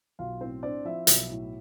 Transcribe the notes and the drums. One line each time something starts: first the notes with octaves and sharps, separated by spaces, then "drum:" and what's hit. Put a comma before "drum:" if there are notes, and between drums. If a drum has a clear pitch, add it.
B1 F4 F5
A2 C4 C5
C4 D4 D5
F3 E4 E5
B1, drum: hi-hat
A2